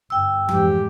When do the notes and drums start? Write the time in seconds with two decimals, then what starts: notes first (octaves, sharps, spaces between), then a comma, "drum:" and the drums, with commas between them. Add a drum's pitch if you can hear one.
0.10 G1 G5 E6
0.48 F2 G#2 G3 G4, drum: tom E3